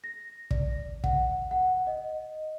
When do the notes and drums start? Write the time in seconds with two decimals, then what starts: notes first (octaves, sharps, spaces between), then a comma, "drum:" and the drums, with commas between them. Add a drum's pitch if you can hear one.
0.04 A#6
0.51 D5, drum: kick
1.04 F#5, drum: kick
1.51 F#5
1.87 D#5